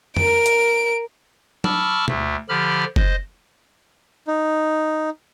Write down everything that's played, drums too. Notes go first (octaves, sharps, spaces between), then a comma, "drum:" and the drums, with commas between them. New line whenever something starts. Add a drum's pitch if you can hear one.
A#4 D7, drum: tom F2
drum: hi-hat
A5 B5 C#6 D6 E6 F6, drum: tom F#3
D2 A3, drum: tom
D3 F3 G4 B5 F6
C5 D#5, drum: kick
D#4